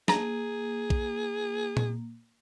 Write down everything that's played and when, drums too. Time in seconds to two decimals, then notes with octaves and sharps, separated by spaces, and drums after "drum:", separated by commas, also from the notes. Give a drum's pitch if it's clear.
0.08 A#3 G#4 A5 A#5, drum: snare
0.90 drum: kick
1.77 drum: tom A#2